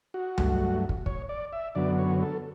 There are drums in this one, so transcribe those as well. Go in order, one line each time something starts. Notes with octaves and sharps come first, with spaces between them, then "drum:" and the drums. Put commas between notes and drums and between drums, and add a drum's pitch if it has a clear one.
F#4
G2 F#3 A3, drum: tom C#2
drum: kick
C#5, drum: kick
D5
E5
F#2 D3 F#3 B3 D5
C#5
A4